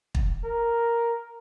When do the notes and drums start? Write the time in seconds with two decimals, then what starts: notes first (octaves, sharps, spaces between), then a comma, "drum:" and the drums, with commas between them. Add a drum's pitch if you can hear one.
0.15 drum: kick
0.44 A#4